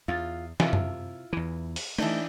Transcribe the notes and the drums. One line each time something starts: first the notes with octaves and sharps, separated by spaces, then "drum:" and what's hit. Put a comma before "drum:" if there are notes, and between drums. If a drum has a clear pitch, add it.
E2 F4
C3 E4 F4, drum: snare
drum: tom F#2
E2 E3
drum: open hi-hat
E3 A3 D4 D#4, drum: cymbal